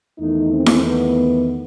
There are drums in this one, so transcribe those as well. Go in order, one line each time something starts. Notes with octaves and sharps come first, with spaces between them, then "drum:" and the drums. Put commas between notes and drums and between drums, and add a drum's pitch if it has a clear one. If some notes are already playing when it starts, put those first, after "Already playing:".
E2 D#3 A3 D#4
C4
drum: snare E4
B3